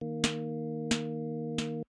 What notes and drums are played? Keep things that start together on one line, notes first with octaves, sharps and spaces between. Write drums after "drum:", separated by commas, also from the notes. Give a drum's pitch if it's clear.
D#3 A#3
drum: snare
drum: snare
drum: snare